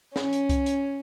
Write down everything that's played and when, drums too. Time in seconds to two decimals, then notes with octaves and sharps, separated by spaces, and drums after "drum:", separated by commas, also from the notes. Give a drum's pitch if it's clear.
0.16 C#4, drum: snare
0.33 drum: hi-hat
0.49 drum: kick C2, hi-hat
0.66 drum: hi-hat